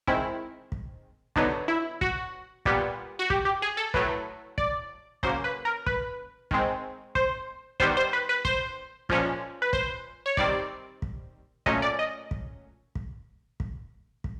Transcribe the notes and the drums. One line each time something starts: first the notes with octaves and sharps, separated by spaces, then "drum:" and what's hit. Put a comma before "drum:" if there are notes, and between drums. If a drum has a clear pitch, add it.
D#3 G#3 C4 E4, drum: kick
drum: kick
D3 F#3 B3 D#4, drum: kick
E4
F#4, drum: kick
A#2 G3 B3, drum: kick
F#4
G4, drum: kick
G4
G#4
A4
A2 F#3 A3 B4, drum: kick
D5, drum: kick
C#3 F#3 A#3 C5, drum: kick
B4
A#4
B4, drum: kick
D#3 G#3 C4, drum: kick
C5, drum: kick
D#3 G3 B3 C5, drum: kick
C5
B4
B4
C5, drum: kick
A#2 F3 G#3 C#4, drum: kick
B4
C5, drum: kick
C#5
D#3 G3 C4 D5, drum: kick
drum: kick
A#2 F#3 A3 C#4 D#5, drum: kick
D5
D#5
drum: kick
drum: kick
drum: kick
drum: kick